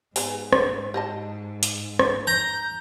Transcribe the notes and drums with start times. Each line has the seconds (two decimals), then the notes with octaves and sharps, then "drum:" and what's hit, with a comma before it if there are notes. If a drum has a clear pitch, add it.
0.16 G#2 B3 G#4 G#5, drum: open hi-hat
0.53 drum: rim click
0.94 G4 D#5 A5
1.63 drum: hi-hat
1.99 drum: rim click
2.27 A#5 G6